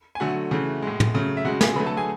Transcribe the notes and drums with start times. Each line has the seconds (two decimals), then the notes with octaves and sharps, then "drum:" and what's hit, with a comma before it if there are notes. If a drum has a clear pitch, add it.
0.15 G#5
0.20 D3 F#3 A3 F#4 F#5
0.51 C#3 E3 A3
0.82 A2 G#3
1.00 drum: tom
1.14 C#3 F#3 A3
1.37 E5
1.45 C#3 G#3 F#4 F#5
1.61 G#4 G#5, drum: snare
1.76 D3 F#3 A3 B4 B5
1.86 A4 A5
1.97 G#4 G#5